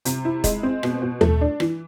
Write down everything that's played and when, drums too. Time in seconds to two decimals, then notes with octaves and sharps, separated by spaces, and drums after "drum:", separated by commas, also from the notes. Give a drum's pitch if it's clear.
0.05 C3, drum: hi-hat
0.25 E4
0.44 G#3, drum: kick, hi-hat
0.63 C4
0.83 B2, drum: rim click
1.02 B2
1.21 A3, drum: tom D#2
1.41 D4
1.60 E3, drum: rim click